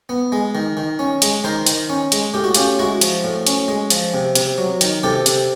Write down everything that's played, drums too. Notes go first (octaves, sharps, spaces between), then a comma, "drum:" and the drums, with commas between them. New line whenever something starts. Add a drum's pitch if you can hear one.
B3
G#3
D#3
D#3
C#4
G#3, drum: hi-hat
D#3 A#4 C5
D#3, drum: hi-hat
C#4
G#3, drum: hi-hat
A2 G4
F#4
C#4 F4 G4, drum: hi-hat
G#3 E4 F#4
F3, drum: hi-hat
A2
C#4, drum: hi-hat
G#3
F3, drum: hi-hat
C3
C3, drum: hi-hat
F#3
D#3, drum: hi-hat
C3 G4 A4
C3, drum: hi-hat